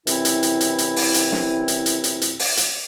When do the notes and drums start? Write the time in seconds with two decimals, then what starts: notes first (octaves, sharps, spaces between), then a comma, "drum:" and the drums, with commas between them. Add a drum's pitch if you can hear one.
0.07 F#2 C3 E3 C4 E4, drum: hi-hat
0.25 drum: hi-hat
0.43 drum: hi-hat
0.61 drum: hi-hat
0.78 drum: hi-hat
0.96 drum: open hi-hat
1.14 drum: hi-hat
1.32 drum: snare
1.68 drum: hi-hat
1.86 drum: hi-hat
2.04 drum: hi-hat
2.22 drum: hi-hat
2.39 drum: open hi-hat
2.57 drum: hi-hat